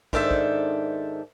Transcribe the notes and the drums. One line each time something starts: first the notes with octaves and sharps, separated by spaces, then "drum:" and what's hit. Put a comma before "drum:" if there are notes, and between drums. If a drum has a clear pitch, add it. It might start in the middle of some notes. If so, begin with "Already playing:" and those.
G#2 D#3 D4 A4 C5 E5, drum: kick
drum: kick